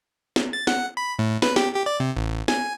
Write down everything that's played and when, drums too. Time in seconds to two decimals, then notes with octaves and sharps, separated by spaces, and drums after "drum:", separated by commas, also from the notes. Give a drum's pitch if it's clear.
0.36 drum: snare
0.53 A6
0.67 F#5, drum: snare
0.97 B5
1.19 A2
1.42 B4, drum: snare
1.56 G4, drum: snare
1.75 G4
1.86 D5
2.00 C3
2.17 A1
2.48 G#5, drum: snare